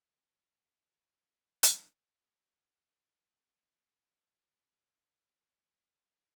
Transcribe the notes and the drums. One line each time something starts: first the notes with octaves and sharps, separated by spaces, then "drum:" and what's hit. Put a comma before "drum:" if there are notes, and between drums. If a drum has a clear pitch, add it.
C4 D#4
E3 F#4 A4
drum: hi-hat
A#3
C#4